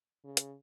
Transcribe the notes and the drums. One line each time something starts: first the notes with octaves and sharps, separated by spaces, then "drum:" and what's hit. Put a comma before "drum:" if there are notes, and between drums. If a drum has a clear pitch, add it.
C#3
drum: hi-hat